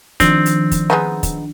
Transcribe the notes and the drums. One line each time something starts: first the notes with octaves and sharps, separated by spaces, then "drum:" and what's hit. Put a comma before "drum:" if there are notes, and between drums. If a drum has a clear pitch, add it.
D#3 F3 C4 D4, drum: kick, hi-hat
drum: hi-hat
drum: kick, hi-hat
G#3 B3 D#4
drum: kick, hi-hat